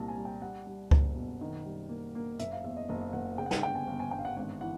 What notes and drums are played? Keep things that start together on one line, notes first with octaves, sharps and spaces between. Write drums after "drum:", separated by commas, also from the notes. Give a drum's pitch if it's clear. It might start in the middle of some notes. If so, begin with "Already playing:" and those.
Already playing: C2 A#2 A#3 A5 A#5
G#5
G3
G5
G3 F#5
G3
F#1, drum: kick C#2
B2
D#3
G3
A#3
A#3
F#1 E5, drum: hi-hat
F5
E2 E5
D#5
F#1 D#5
F#1 F#5
C#3 G5
F#5
G5, drum: snare
G1 G5
G#5
G1
G#5
G1 G5
F5
F#5
G#1 F#5
E3 F#5